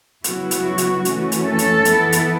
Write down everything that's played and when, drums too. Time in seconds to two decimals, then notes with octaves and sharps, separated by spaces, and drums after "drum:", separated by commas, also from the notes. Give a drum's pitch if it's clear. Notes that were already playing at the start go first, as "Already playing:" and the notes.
0.24 C#3 F#3 B3 E4 F#4, drum: hi-hat
0.51 drum: hi-hat
0.78 drum: hi-hat
1.05 E3 A3 C#4, drum: hi-hat
1.32 drum: hi-hat
1.46 A4
1.59 drum: hi-hat
1.85 E3 B3 E4, drum: hi-hat
2.12 drum: hi-hat